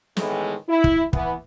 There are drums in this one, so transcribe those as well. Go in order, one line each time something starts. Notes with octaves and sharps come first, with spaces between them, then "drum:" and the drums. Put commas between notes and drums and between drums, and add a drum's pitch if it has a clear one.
A2 D#3 E3 G#3 A3 B3, drum: snare
E4
drum: kick
E3 B3, drum: kick